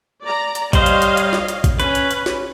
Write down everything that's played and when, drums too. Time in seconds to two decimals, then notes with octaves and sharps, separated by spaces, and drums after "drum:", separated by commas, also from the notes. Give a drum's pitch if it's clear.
0.24 D5 A#5
0.55 drum: hi-hat
0.73 G3 C5 C#5 D#5 F5, drum: kick A1, hi-hat
0.86 drum: hi-hat
1.02 drum: hi-hat
1.17 drum: hi-hat
1.33 drum: snare
1.48 drum: hi-hat
1.64 drum: kick A1, hi-hat
1.80 C#4 B4, drum: hi-hat
1.95 drum: hi-hat
2.11 drum: hi-hat
2.26 drum: snare